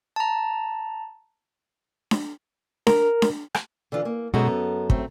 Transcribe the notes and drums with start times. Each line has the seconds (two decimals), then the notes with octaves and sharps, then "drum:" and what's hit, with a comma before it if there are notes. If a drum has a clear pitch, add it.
0.16 A5 A#5
2.11 drum: snare D4
2.87 A#4, drum: snare D4
3.22 drum: snare D4
3.54 drum: rim click
3.92 D3 E3 F4
4.05 A#3
4.34 F#2 B2 G#3 F#4 A4 A#5
4.48 B3
4.90 A3 C4, drum: kick